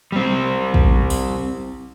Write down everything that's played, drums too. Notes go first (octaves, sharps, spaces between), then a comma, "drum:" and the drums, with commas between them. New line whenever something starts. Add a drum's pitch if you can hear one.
G3 C4
drum: kick
drum: open hi-hat